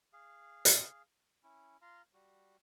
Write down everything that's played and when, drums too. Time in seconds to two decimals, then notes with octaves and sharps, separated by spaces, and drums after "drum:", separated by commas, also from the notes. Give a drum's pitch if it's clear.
0.13 G#4 F5
0.65 drum: hi-hat
1.43 C#4 E4
1.82 F4 F5 A#5 C6
2.14 G3 F#4